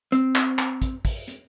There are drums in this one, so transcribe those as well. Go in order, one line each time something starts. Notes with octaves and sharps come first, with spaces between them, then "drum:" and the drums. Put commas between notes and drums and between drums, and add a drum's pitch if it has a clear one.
C4, drum: hi-hat
drum: clap
drum: clap
drum: kick, hi-hat
drum: kick, open hi-hat
drum: hi-hat